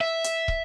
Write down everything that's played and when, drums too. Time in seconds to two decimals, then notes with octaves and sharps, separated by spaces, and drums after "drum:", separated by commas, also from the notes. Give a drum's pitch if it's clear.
0.01 E5
0.24 drum: hi-hat
0.48 drum: kick